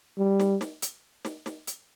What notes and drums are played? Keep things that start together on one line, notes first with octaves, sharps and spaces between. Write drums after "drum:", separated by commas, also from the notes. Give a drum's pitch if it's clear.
G3
drum: snare
drum: snare
drum: hi-hat
drum: snare
drum: snare
drum: hi-hat